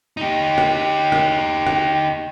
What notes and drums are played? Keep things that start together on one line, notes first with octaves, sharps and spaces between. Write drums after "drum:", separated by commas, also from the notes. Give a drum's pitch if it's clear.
D#4 G4
drum: rim click
drum: rim click
drum: rim click